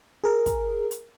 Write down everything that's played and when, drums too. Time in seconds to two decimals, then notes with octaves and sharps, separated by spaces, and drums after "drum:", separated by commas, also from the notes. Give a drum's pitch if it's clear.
0.24 G#4 A#4
0.46 drum: kick, hi-hat
0.91 drum: hi-hat